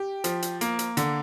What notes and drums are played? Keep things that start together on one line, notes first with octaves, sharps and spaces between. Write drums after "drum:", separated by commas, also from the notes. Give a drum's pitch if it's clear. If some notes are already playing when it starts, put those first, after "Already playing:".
Already playing: G4
F3, drum: hi-hat
drum: hi-hat
A#3, drum: hi-hat
drum: hi-hat
D3, drum: hi-hat